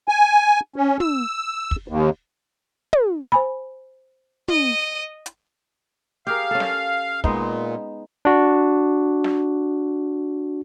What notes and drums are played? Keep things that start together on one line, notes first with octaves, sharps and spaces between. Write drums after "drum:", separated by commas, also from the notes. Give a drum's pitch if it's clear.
G#5
C#4
E6, drum: tom
drum: kick
D#2
drum: tom
C5 G#5 B5
D#5 D#7, drum: tom
drum: hi-hat
G4 G#4 A#4 F5
C#4 A4
drum: snare
A#2 G#3 B3 D#4, drum: kick
D4 F#4
drum: snare